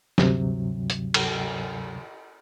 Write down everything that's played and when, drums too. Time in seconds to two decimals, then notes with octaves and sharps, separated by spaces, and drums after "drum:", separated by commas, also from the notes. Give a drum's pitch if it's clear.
0.18 D2 G2 C3 F#3, drum: snare
0.90 drum: hi-hat
1.14 drum: cymbal